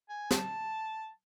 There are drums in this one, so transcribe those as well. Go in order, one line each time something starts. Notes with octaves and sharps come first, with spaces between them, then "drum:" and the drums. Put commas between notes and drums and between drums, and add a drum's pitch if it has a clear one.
G#5
A5, drum: snare